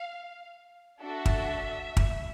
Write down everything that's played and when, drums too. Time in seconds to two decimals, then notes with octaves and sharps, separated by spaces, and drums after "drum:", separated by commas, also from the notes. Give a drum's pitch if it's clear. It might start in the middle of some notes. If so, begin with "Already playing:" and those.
Already playing: F5
1.01 D4 F#4 A4 E5
1.26 drum: kick
1.97 drum: kick